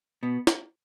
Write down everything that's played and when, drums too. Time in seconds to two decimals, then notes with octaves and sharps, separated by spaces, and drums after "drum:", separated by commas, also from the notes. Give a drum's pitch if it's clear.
0.23 B2 B3
0.47 drum: snare